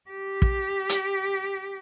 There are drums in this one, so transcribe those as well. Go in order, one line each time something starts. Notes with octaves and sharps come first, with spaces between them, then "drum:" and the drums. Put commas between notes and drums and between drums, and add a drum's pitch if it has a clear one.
G4
drum: kick
drum: hi-hat